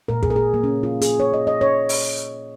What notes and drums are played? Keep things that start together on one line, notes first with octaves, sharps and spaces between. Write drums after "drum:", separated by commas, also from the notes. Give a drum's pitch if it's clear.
A#2 G#3 A#4
G#4, drum: kick
A#4
G#4
A#3
C#4
F4
G#4, drum: hi-hat
C#5
D#5
D#5
C#5
drum: open hi-hat